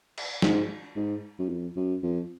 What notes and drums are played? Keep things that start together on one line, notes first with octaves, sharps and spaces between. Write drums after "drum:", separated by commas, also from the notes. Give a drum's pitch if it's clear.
drum: cymbal
G#2, drum: snare
G#2
F#2
F2
F#2
F2